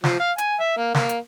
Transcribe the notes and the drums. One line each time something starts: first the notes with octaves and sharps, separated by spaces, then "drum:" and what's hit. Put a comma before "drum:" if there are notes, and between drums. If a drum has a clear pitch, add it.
F3, drum: snare
F5
G#5, drum: hi-hat
E5
A#3
A#3, drum: snare
drum: hi-hat